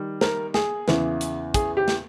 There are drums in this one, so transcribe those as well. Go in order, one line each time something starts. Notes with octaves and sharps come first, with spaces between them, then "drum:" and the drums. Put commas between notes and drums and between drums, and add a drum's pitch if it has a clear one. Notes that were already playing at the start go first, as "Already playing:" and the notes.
Already playing: D#3 G3
A#4, drum: snare
G#4, drum: snare
E2 C#3 E3, drum: snare
drum: hi-hat
G#4, drum: kick, hi-hat
G4
drum: snare